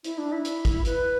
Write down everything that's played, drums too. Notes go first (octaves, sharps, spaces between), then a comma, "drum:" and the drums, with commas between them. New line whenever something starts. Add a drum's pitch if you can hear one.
E4, drum: hi-hat
D4
E4
drum: hi-hat
drum: kick, hi-hat
B4, drum: hi-hat